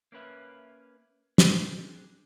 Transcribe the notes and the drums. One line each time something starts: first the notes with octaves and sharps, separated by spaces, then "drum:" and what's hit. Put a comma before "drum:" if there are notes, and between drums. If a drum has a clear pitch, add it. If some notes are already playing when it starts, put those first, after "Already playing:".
A#3 C#4 B4 E5
C4 D4 G#4, drum: snare